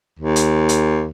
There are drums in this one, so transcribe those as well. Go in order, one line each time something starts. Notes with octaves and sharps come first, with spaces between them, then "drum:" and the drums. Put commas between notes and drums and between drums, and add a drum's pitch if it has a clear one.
D#2
drum: hi-hat
drum: hi-hat